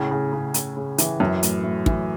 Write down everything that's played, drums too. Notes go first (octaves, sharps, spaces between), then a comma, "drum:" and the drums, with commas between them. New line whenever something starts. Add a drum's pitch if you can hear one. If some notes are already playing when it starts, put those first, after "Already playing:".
Already playing: A2 C#3
C#3
C#3
C#3, drum: hi-hat
C#3
E3, drum: hi-hat
F#2 E3
A2, drum: hi-hat
A2
E3, drum: kick